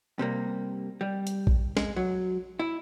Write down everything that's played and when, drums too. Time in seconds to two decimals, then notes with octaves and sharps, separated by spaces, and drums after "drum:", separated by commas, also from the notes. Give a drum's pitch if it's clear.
0.19 C3 G3 A#3
1.01 G3
1.27 drum: hi-hat
1.47 drum: kick A#1
1.77 G#3, drum: snare
1.96 F#3
2.59 E4